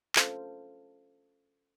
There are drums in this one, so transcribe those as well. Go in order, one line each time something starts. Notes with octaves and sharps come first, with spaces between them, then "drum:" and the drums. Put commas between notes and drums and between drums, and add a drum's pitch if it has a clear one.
C#4 F4 A4 C5 F5, drum: clap